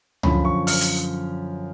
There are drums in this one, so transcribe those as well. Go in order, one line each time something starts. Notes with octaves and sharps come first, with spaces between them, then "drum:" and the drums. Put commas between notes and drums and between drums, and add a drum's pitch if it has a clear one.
F#2 D3 F3 B5, drum: tom C#2
C#6
F6, drum: open hi-hat
drum: hi-hat